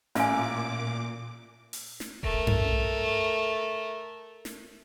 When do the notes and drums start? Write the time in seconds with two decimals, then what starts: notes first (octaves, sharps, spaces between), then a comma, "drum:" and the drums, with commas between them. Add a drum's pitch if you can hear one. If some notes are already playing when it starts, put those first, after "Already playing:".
0.15 A1 A#2 F5 G#5 D6, drum: snare
1.73 drum: open hi-hat
2.00 drum: snare
2.23 A3 A#4, drum: kick E1
2.47 drum: tom F#2
4.45 drum: snare